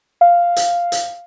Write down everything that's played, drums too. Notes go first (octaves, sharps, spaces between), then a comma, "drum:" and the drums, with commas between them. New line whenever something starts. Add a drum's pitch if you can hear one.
F5
drum: hi-hat
drum: hi-hat